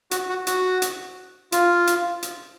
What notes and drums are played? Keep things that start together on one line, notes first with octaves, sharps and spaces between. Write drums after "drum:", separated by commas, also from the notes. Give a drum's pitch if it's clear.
F#4, drum: hi-hat
F#4
F#4, drum: hi-hat
drum: hi-hat
F4, drum: hi-hat
drum: hi-hat
drum: hi-hat